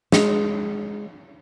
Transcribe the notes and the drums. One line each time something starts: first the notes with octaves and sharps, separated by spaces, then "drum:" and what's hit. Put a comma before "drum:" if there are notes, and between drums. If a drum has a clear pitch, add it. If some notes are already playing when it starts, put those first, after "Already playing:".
G#3, drum: snare